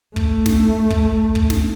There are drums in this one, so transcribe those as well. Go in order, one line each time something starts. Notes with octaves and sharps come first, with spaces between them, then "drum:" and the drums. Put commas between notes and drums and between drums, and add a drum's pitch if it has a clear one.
A3, drum: kick
drum: snare
drum: kick
drum: kick
drum: snare